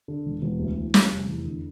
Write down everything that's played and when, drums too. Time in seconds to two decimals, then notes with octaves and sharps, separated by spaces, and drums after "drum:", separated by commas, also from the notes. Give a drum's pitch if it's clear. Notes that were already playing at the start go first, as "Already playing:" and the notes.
0.08 D3
0.26 E1
0.42 E1
0.59 D2
0.77 E3
0.94 G3, drum: snare
1.11 F1
1.28 E2
1.45 D3